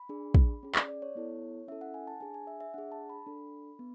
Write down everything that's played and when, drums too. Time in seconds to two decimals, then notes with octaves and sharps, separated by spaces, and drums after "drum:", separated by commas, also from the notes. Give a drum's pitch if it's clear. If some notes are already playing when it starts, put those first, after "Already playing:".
Already playing: B5
0.09 D4 G#4
0.34 drum: kick
0.63 C#4 G#4
0.75 D5, drum: clap
0.89 D5
1.02 C#5
1.15 B3 E4 A4
1.68 C#4 E4 A4 E5
1.81 F#5
1.94 G#5
2.07 A5
2.21 D4 G#4 G#5
2.34 G#5
2.47 E5
2.60 E5
2.74 D4 G#4 F#5
2.92 A5
3.10 B5
3.26 D4 A4
3.79 B3